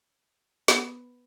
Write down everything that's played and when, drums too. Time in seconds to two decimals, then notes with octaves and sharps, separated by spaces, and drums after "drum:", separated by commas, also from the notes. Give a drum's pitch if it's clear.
0.68 B3, drum: snare